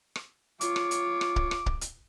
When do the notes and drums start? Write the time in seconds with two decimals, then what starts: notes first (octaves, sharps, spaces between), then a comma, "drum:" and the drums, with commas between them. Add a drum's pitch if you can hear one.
0.16 drum: rim click
0.61 F4 C#5 D6, drum: hi-hat
0.76 drum: rim click
0.91 drum: hi-hat
1.21 drum: rim click
1.36 drum: kick
1.51 drum: rim click
1.66 drum: kick
1.81 drum: hi-hat